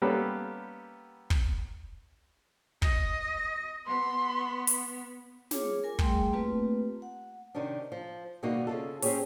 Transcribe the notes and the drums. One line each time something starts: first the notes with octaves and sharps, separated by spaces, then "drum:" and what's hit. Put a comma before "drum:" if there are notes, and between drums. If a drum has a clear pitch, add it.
G3 A#3 B3 C#4 G4 A4
drum: kick
D#5, drum: kick
B3 C6
drum: hi-hat
F4 G#4 C#5 D6, drum: snare
A#4 G#5
G3 A3 G#4 G5 C6, drum: kick
A3 A#3 C4 F4 G4 B4
F#5
C3 D#3 C#4 D4
F3
B2 D#3 G3 A#3 D#4 F#4
C#3 F4 A4
C4 C#4 D#4 G4 G#4 C#5, drum: open hi-hat